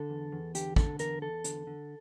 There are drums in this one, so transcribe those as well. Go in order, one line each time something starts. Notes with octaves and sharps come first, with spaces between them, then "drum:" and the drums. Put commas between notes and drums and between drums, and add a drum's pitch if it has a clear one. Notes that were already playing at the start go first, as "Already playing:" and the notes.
Already playing: D3 A4
E2
E2
D3 G4, drum: hi-hat
D3 A4, drum: kick
E2 A#4, drum: hi-hat
E2 A4
D3, drum: hi-hat
D3